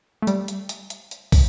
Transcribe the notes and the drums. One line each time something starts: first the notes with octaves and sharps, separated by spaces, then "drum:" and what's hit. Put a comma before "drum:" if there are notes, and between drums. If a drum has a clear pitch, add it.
A3
G3, drum: hi-hat
drum: hi-hat
drum: hi-hat
drum: hi-hat
drum: hi-hat
drum: kick, open hi-hat